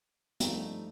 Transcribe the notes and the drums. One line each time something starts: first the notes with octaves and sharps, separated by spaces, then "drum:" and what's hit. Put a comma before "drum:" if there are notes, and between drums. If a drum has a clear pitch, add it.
G2 F3 A3 D#4, drum: hi-hat